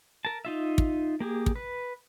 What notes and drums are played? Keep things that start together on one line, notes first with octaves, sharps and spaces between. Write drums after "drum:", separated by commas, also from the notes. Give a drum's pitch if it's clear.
A#4 A5
D#4 F4 E5
drum: kick
A#3 G4 G#4
drum: kick
B4